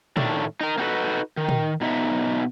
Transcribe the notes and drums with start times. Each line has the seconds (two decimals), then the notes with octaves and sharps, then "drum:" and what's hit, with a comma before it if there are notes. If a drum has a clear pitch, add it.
0.17 A2 D#3 A3 D4, drum: tom
0.61 D#4 A#4
0.78 A#3 C4 D#4 F#4 A4 B4
1.37 D#3
1.49 drum: tom
1.81 B2 B3 D#4 D#5 E5